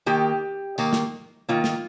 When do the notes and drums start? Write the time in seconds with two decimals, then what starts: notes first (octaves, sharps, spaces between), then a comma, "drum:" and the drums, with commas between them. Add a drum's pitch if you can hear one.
0.06 D#3 A#3 G4
0.78 D#3 A#3, drum: tambourine
0.93 drum: snare
1.49 D#3 A#3 F4
1.64 drum: snare